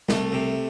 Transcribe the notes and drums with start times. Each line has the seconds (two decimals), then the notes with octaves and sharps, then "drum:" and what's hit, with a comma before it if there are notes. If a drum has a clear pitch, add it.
0.09 C2 A3, drum: snare
0.32 C3